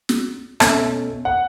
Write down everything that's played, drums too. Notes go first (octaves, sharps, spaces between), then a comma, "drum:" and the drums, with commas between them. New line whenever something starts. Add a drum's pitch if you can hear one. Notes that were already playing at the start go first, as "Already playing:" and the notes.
drum: snare
B2 A3 C#4 E5, drum: rim click
F#5